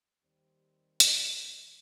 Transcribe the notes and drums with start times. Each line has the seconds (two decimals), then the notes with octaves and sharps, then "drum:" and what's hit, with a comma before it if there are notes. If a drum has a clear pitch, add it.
0.22 D#2 D#3 G3 C4
1.00 drum: hi-hat